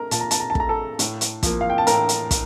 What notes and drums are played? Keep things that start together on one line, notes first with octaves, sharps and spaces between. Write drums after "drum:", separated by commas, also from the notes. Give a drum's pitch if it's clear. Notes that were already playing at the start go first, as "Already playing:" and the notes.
Already playing: A3 A#4 A#5
A#2 A5, drum: hi-hat
A#5
A5, drum: hi-hat
A#5
A5
A3 A#5, drum: kick
A4 A5
A2, drum: hi-hat
drum: hi-hat
F3 A#3, drum: kick, hi-hat
F5
G5
A5
A2 A#4 A#5, drum: hi-hat
drum: hi-hat
drum: kick, hi-hat